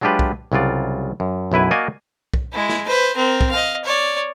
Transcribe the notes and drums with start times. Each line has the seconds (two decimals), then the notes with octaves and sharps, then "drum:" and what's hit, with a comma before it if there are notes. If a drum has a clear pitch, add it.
0.01 F#3 G#3 D4 F4 G4 B4
0.19 drum: kick
0.52 C2 C#3 F#3 F4 D5
1.20 F#2
1.52 B1 F#2 E4 B4 G#5
1.71 A#3 F#4 D5 D#5 F5 G#5
2.34 drum: kick
2.52 G#3 E4
2.69 drum: snare
2.87 B4 C5
3.17 C4 A#4
3.41 drum: kick
3.51 D#5 F5
3.84 C#5 D5